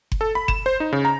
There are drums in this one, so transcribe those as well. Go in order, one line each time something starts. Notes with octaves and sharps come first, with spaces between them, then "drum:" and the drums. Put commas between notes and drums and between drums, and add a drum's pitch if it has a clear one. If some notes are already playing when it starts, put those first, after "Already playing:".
drum: kick F#1
A4
B5
E7, drum: kick F#1
C5
D#4
C#3
A#5